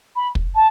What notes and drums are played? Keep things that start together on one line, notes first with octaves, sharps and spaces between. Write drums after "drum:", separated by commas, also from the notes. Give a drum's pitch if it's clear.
B5
drum: kick
A5